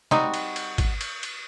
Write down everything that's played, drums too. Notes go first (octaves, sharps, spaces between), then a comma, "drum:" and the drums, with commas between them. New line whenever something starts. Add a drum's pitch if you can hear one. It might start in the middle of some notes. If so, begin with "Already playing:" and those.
G3 C4 D#4 F#4, drum: snare
drum: cymbal
drum: cymbal
drum: kick, cymbal
drum: cymbal
drum: cymbal